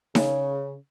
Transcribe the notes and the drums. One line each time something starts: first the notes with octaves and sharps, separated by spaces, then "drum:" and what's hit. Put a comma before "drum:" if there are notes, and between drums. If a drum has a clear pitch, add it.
C#3, drum: snare D#4